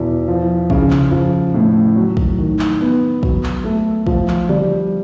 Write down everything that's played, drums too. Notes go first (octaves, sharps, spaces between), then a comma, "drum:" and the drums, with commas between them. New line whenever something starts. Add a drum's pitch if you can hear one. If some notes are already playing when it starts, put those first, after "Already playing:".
Already playing: E2 B2
F3
C#3, drum: kick
drum: clap
F3, drum: tom F2
A2
F#3
drum: kick
D#3
drum: clap
B3
F#3, drum: kick
drum: clap
A3
F3, drum: kick
drum: clap
G3, drum: tom C#3